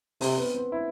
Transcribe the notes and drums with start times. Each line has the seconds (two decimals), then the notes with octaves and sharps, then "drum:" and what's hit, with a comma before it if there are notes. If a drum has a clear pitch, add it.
0.21 C3 C4, drum: open hi-hat
0.37 B3
0.55 C4
0.72 E4